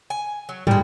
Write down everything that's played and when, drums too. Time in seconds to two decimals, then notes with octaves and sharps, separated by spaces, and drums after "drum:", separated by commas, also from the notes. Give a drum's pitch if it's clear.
0.10 G#5
0.49 F#3
0.67 A#2 G3 G#3, drum: tom